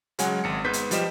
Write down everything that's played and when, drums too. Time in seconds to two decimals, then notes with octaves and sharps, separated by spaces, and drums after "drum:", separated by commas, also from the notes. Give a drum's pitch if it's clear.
0.19 C#3 F#3 G#3 C#5 F#5 G#5, drum: hi-hat
0.44 G#1 C#7
0.64 G#2 B3 B4 G6 B6
0.73 drum: hi-hat
0.91 F3 G3 G4 D#5 B6 E7, drum: hi-hat